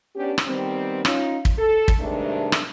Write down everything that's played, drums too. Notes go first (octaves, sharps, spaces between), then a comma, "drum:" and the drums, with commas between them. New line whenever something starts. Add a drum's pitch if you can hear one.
B3 C#4 D4 G4
drum: rim click
D#3 G3 B3 C4
C#4 D#4 F4, drum: rim click
drum: kick
A4
drum: kick
G2 C3 D#3 G#3 A3 D4
drum: rim click